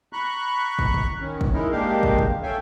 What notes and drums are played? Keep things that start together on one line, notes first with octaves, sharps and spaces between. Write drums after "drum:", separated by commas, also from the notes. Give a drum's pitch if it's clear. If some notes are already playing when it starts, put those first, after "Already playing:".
A#5 B5 C#6 F#6
drum: kick
drum: kick
D#3 C#4
drum: kick
G#3 D#4 E4 A#4
G#3 A#3 D4 G4 A#4 F5
drum: kick
drum: kick
A4 C#5 E5 F5 G5 G#5